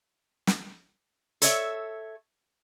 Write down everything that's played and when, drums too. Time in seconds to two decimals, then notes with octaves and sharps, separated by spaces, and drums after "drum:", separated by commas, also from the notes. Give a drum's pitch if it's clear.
0.47 drum: snare
1.42 A4 C#5 D#5 E5, drum: hi-hat